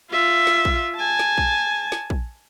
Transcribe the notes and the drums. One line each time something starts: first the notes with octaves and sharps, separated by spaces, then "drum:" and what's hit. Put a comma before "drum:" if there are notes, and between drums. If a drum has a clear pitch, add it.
F4 E5
drum: snare
drum: kick A#1
G#5 A5
drum: snare
drum: kick A#1
drum: snare
drum: kick A#1